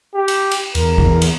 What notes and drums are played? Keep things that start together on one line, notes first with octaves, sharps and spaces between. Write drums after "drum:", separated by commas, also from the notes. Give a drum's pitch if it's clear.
G4
drum: cymbal
drum: cymbal
E2 A#4, drum: cymbal
drum: kick G#1
drum: cymbal